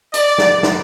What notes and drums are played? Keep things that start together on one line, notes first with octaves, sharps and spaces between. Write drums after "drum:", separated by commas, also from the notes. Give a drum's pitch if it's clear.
D5, drum: hi-hat
drum: snare
drum: snare